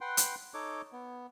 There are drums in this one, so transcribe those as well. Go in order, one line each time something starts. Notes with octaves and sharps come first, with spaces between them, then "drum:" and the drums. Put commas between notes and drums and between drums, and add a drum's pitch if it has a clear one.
B4 F#5 G5 C6
drum: hi-hat
D#4 A4 C#5 D6
B3